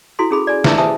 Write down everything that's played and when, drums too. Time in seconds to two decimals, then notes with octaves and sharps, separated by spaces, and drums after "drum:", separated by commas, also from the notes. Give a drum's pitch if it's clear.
0.19 E4 F#4 A4 C6
0.31 C#4 E4 G#4 A4 B5
0.47 D5 G#5
0.64 E4 G#4 E5 A5 E6, drum: snare
0.78 G4 C5 E5 G#5 A5 D#6